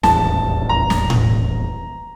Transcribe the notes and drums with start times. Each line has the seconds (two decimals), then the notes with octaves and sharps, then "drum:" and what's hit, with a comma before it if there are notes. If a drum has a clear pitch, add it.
0.03 D#1 A1 E2 A5, drum: snare
0.69 A#5
0.90 drum: snare
1.10 drum: tom A2